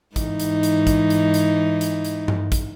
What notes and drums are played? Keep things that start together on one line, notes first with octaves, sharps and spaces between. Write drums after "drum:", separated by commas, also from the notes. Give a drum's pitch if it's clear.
G#2 E3 D#4, drum: kick A1, hi-hat
drum: hi-hat
drum: hi-hat
drum: kick A1, hi-hat
drum: hi-hat
drum: hi-hat
drum: hi-hat
drum: hi-hat
drum: tom G2
drum: kick A1, hi-hat